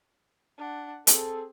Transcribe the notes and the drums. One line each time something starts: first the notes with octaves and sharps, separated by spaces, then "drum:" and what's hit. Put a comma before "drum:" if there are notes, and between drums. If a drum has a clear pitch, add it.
D4 F#5
C4 G#4 A4, drum: hi-hat